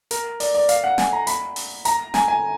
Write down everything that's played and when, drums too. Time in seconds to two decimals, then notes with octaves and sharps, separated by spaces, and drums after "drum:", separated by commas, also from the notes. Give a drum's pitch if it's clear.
0.11 A#4, drum: hi-hat
0.40 D5, drum: open hi-hat
0.55 D5
0.69 F5, drum: hi-hat
0.84 F#5
0.98 G#5, drum: snare
1.13 A#5
1.27 B5, drum: hi-hat
1.56 drum: open hi-hat
1.85 A#5, drum: hi-hat
2.14 G#5, drum: snare
2.28 G#5